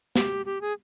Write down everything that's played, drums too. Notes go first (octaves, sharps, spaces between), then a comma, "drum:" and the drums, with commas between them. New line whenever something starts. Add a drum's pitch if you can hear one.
G4, drum: snare
G4
G#4